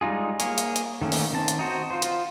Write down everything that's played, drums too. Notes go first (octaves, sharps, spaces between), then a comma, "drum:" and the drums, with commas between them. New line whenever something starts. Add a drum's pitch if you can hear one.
G3 G#3 D#4 F4 G#4
A#3 G#4 C#5, drum: hi-hat
drum: hi-hat
drum: hi-hat
D#3 A3 A#3 C#4
drum: open hi-hat
D#3 C4 A5
drum: hi-hat
D#4 F#4 C5
F4 C5
drum: hi-hat